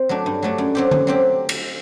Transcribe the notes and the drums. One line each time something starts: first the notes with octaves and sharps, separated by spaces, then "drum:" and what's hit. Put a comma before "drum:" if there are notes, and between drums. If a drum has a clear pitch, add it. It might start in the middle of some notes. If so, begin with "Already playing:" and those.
Already playing: C4
F#3 A3 D4
G2
F#3 A3 D4
F#2
F#3 C4 G4
F#2, drum: tom D3
F#3 C4 G4
drum: cymbal